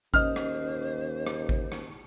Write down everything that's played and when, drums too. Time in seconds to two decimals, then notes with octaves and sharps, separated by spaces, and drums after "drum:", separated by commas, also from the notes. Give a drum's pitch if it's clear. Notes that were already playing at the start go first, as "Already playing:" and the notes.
0.14 D#2 C#4 C5 D#5 F6, drum: kick G#1
0.36 drum: rim click
1.27 drum: rim click
1.49 drum: kick G#1
1.72 drum: rim click